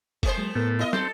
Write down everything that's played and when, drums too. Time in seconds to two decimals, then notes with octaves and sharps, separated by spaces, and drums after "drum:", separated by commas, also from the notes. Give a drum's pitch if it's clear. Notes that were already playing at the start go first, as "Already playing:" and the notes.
0.23 A3 A#3 C5, drum: kick, hi-hat
0.38 F#3 G#3
0.55 A2 B3 A#4
0.79 E4 D#5
0.93 C4 A4, drum: snare